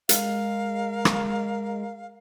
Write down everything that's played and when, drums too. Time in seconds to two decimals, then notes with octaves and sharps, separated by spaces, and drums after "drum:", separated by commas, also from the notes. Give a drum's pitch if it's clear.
0.09 G#3 A#4 F5, drum: hi-hat
1.05 drum: rim click